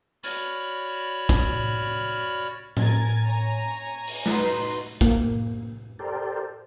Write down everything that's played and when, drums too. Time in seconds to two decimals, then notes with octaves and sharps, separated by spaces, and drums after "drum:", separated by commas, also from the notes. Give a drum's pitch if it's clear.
0.24 F#4 C#5 D5 B5 F6, drum: hi-hat
1.29 drum: kick
2.77 A#4 G#5 G#6 A6, drum: tom A2
3.25 C#5 G#5 A#5
4.07 drum: open hi-hat
4.26 B3 D#4 F#4 B4 C6, drum: snare
5.01 A#3, drum: kick
5.99 G4 A4 A#4 C5 D5